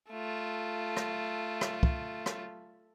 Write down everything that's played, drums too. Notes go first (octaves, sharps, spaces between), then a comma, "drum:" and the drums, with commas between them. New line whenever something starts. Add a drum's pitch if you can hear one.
A3 F4
drum: rim click
drum: rim click
drum: kick
drum: rim click